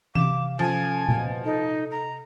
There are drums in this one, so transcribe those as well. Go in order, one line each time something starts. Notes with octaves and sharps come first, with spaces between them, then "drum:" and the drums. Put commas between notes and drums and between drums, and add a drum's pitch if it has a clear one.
C3 F5 D6 E7, drum: tom E3
F3 C#4 A4 G#5
A#1 B2, drum: tom A#2
D#4 A4
A#5